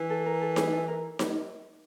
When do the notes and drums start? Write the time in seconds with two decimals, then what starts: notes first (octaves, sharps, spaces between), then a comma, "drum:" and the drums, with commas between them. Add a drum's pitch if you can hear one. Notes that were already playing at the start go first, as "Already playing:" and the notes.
Already playing: E3
0.10 A4
0.26 A#4
0.41 A4
0.56 G#4, drum: snare D#4
0.72 A4
0.88 A#4
1.19 drum: snare D#4